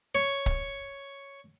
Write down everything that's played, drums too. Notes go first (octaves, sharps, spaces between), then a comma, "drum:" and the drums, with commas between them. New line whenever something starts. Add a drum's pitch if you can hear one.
C#5
drum: kick C#1